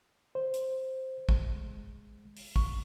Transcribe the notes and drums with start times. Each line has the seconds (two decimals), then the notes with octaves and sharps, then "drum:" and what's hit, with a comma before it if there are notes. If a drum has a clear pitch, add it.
0.35 C5
0.54 drum: hi-hat
1.29 G#3, drum: kick
2.37 drum: open hi-hat
2.56 C#6, drum: kick